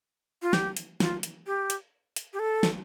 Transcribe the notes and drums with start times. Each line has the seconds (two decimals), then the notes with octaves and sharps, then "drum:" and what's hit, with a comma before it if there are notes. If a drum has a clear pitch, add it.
0.42 F4
0.53 G4, drum: snare
0.77 drum: hi-hat
1.00 F4, drum: snare
1.23 drum: hi-hat
1.46 G4
1.70 drum: hi-hat
2.16 drum: hi-hat
2.33 G4
2.39 A4
2.63 drum: snare